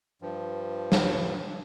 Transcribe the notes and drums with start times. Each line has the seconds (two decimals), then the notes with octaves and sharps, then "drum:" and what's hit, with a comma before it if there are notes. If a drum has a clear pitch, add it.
0.22 G2 F3
0.92 drum: snare